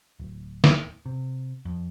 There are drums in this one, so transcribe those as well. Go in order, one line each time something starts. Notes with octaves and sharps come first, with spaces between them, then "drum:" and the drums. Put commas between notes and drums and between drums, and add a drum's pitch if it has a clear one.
D1
drum: snare
C3
F2